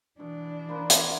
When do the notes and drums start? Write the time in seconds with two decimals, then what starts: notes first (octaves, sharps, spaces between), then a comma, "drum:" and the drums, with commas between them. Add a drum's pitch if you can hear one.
0.20 B2 E3 D4
0.69 A#3 B4 C5
0.90 drum: hi-hat